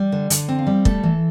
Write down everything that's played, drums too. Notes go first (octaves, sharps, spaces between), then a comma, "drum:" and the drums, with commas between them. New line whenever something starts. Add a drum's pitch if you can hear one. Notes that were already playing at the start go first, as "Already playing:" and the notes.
Already playing: G3
D3
D3, drum: hi-hat
C4
F5
G3
A3 A4, drum: kick
E3